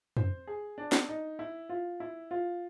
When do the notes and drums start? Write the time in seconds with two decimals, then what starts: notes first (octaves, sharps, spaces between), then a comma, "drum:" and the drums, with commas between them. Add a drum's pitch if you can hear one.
0.17 C5, drum: tom F2
0.47 G#4
0.78 D4
0.92 drum: snare
1.09 D#4
1.39 E4
1.69 F4
2.00 E4
2.31 F4